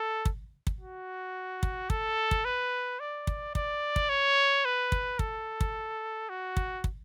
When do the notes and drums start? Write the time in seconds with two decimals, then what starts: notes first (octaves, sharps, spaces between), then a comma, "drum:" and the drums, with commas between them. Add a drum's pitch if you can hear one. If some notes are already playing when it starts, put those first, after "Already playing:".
Already playing: A4
0.25 drum: kick
0.67 drum: kick
0.81 F#4
1.63 drum: kick
1.90 A4, drum: kick
2.31 drum: kick
2.45 B4
3.00 D5
3.27 drum: kick
3.55 D5, drum: kick
3.96 drum: kick
4.09 C#5
4.65 B4
4.92 drum: kick
5.19 A4, drum: kick
5.61 drum: kick
6.29 F#4
6.57 drum: kick
6.84 drum: kick